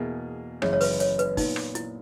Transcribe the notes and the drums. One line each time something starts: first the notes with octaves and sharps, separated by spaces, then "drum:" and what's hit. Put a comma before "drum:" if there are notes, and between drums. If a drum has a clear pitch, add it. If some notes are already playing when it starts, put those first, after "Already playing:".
Already playing: E2 B2 A#3 E4 G#4
F#1 F#2 C#3 E3 G#3 C#5, drum: rim click
C#5
B4, drum: open hi-hat
C#5, drum: hi-hat
B4, drum: hi-hat
A#2 F#3 B3 D#4, drum: kick, open hi-hat
drum: rim click
E4, drum: hi-hat